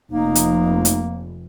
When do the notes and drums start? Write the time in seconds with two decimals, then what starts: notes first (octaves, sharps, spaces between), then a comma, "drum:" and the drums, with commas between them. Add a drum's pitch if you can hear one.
0.11 F1 A#3 D#4
0.35 drum: hi-hat
0.85 drum: hi-hat